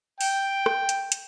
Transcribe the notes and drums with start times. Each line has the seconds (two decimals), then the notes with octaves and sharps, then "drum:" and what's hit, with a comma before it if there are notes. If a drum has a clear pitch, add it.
0.21 G5, drum: open hi-hat
0.66 drum: rim click
0.89 drum: hi-hat
1.12 drum: hi-hat